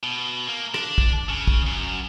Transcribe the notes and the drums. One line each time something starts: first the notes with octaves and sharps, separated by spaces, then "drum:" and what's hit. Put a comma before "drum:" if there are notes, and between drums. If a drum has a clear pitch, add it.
B2
A#3
D4, drum: rim click
drum: kick
C#3
drum: kick
F#2